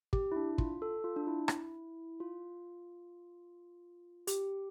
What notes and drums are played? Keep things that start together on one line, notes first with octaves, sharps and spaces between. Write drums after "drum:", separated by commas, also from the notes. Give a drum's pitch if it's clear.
G4, drum: kick
E4
D4
F4, drum: kick
A4
F4
D4
E4
drum: rim click
F4
G4, drum: hi-hat